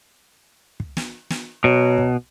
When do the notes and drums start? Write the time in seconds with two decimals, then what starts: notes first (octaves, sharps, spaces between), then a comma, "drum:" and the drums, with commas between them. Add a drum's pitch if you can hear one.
0.80 drum: kick
0.97 drum: snare
1.30 drum: snare
1.64 B2 F#3
1.98 drum: kick